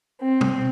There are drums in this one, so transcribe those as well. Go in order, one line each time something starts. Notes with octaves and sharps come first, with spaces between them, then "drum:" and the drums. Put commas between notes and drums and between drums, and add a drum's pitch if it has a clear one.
C4
drum: tom